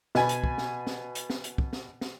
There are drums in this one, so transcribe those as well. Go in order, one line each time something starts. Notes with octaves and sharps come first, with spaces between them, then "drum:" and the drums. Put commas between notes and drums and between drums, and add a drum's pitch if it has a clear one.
B2 G#5 B5, drum: snare
drum: hi-hat
drum: kick
drum: snare
drum: snare
drum: hi-hat
drum: snare
drum: hi-hat
drum: kick
drum: snare
drum: snare